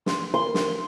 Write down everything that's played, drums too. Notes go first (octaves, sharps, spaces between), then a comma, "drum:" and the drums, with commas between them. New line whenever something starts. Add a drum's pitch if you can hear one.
C6, drum: snare
A#4 C6
drum: snare